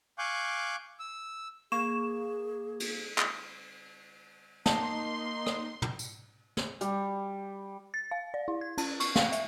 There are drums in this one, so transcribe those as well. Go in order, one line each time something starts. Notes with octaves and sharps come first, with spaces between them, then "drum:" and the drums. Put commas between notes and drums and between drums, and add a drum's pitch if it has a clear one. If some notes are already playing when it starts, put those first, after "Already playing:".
F5 G#5 C#6 D6 F#6 G6
E6
A#3 G#4 C#6 G#6 E7
drum: cymbal
drum: clap
A#3 D#4 A5 C6, drum: snare
drum: rim click
drum: tom
drum: tambourine
drum: snare
G3, drum: hi-hat
A6
F5
D5
E4
G#6
C#4, drum: cymbal
C#6, drum: cymbal
F5, drum: snare
E5, drum: hi-hat